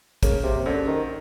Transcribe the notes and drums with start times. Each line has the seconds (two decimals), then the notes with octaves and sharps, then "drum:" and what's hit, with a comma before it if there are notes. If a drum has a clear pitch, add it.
0.23 C#3 A#3, drum: kick, hi-hat
0.44 C3
0.66 F#2 D3
0.87 D#3